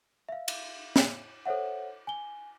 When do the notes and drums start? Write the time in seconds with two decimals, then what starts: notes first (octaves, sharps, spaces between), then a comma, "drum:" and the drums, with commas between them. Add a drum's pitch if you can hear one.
0.29 E5 F5
0.48 drum: cymbal
0.96 drum: snare
1.46 A4 C5 C#5 E5 F#5
2.07 G#5 G7